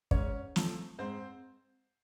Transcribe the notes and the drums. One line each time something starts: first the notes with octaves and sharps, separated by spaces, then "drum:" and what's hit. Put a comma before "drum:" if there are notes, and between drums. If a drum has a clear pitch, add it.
G#2 C#4 C#5, drum: kick
F3 A3, drum: snare
G#2 C4 C5